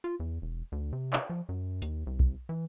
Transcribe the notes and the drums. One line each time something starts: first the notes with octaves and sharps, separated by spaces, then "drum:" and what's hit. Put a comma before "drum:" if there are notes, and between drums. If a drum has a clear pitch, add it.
F4
E2
E1
D2
C3
drum: clap
F3
F#2
D#2, drum: hi-hat
C2
drum: kick B1
E3